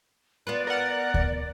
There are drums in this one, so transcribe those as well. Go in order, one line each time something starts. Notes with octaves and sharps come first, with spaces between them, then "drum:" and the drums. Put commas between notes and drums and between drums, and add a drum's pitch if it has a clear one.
B3 F4 B4 D5
A#4 F#5
drum: kick D2